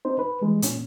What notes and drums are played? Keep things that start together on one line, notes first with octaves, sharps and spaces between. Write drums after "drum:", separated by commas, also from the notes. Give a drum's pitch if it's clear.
C4 D#4 C5
B4
E3 G3 G#3
A#2 C#4, drum: hi-hat